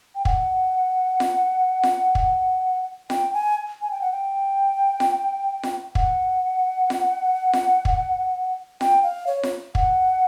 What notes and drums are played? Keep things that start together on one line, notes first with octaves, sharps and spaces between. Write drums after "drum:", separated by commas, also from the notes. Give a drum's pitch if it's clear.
G5
F#5, drum: kick
drum: snare F4
drum: snare F4
drum: kick
G5, drum: snare F4
G#5
G#5
G5
F#5
G5
drum: snare F4
drum: snare F4
F#5, drum: kick
drum: snare F4
drum: snare F4
drum: kick
G5, drum: snare F4
F5
C#5
drum: snare F4
F#5, drum: kick